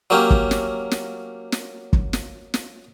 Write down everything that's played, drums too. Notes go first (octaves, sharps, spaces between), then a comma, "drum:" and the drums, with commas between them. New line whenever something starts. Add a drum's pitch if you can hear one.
F#3 A#3 C#4 G4
drum: kick
drum: snare
drum: snare
drum: snare
drum: kick
drum: snare
drum: snare